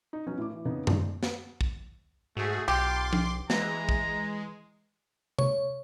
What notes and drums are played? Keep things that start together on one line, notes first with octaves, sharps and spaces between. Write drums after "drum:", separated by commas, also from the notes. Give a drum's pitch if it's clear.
D#4
F#3 B3 C#4 F#4
A2 D6
E3
F2 C#3 B3 D#4
G2 C#3 F3 G#3 D4 D#4, drum: tom F#2
drum: snare
drum: kick
G#2 A3 F#4 G#4
B1 F4 G4 C6 D6
drum: tom F3
E3 G#3 A#5, drum: snare
drum: kick
C#5, drum: tom C3